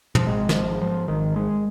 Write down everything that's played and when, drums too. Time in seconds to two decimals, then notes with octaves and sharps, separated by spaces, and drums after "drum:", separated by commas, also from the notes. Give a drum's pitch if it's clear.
0.15 F3, drum: tom
0.26 G#1 G#3
0.49 D#3, drum: snare
0.54 F3
0.67 G#2
0.81 F3
1.08 G#1 D#3
1.36 G#3